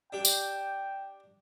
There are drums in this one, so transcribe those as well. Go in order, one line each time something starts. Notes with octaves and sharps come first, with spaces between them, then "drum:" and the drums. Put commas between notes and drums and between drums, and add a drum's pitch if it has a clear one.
D4 G4 G5
drum: tambourine